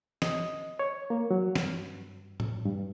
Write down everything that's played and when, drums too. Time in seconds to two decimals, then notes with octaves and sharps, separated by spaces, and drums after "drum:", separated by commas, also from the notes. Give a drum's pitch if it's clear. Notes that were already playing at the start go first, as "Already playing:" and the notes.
0.22 D#5, drum: snare
0.79 C#5
1.10 A#3
1.31 F#3
1.55 G2, drum: snare
2.40 drum: tom A2
2.66 G2